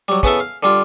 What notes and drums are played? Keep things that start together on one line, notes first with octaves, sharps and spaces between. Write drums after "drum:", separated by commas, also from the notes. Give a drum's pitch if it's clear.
F#3 G3
C#3 B3 E4 A4 E5, drum: kick
F5
D3 G3 F4